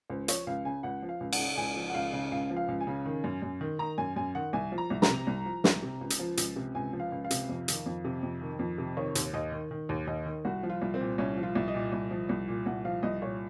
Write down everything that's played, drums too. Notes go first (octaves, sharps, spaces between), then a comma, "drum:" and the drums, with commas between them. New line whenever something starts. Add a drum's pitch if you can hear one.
C#2 C5
F3 C#5, drum: hi-hat
C#2 F5
C#3 G#5
C#2 F#5
F3
F5
C#2
F#5, drum: cymbal
C#3
C#2 G#5
F3
F#5
C#2 F5
C#3
C#2 F5
F3
F5
C#2
G#5
C#3
D#3
F#2
F#2
D#3
D#3 A#5
F#2 G#5
F#2 G#5
D#3 F#5
C2 G#5
F3
A#5
C2
A#5, drum: snare
C3
C2
F3
C2, drum: snare
C3
C#2
drum: hi-hat
F3
C#2, drum: hi-hat
C3
C#2 G#5
F3
F5
C#2
F5
C3, drum: hi-hat
F2
D#3, drum: hi-hat
F2
C3
F2
D#3
F2
C3
D#3 C#5
D#2, drum: hi-hat
D#2 D#5
D#3
D#3
D#2
D#2 D#5
D#3
C2 F#4
F3
F4
C2
C4
A#2
C2 C#4
F3
F4
C2
D#5
A#2
C2
F3
C2
A#2
C2 F#5
F3 F5
C2 D#5
A#2 C#5